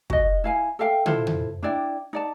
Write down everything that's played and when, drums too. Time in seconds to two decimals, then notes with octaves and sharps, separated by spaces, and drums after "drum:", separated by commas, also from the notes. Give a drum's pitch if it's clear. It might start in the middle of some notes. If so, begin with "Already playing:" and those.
0.10 F#4 D#5, drum: kick
0.44 E4 F5 G#5
0.79 A4 E5 F5 G5
1.06 E4 F4 A4 C5, drum: tom
1.27 drum: tom
1.63 D4 E4 D5 G5
2.13 D#4 D5 A5